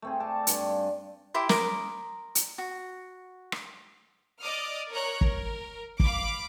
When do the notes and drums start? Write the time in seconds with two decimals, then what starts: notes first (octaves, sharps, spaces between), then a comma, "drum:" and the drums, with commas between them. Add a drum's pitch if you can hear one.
0.02 A3 C4 G#4
0.20 A4 D5 A5
0.47 G2 G#5, drum: hi-hat
1.34 E4 G4 E5 C6
1.49 A#4 C6 D6 D#6, drum: snare
2.35 drum: hi-hat
2.58 F#4
3.52 drum: rim click
4.40 D5 D#5 D6 D#6 F6
4.90 A#4 C#5 A#5 F#6
5.21 A#4, drum: kick
6.00 F5 B5 D6, drum: kick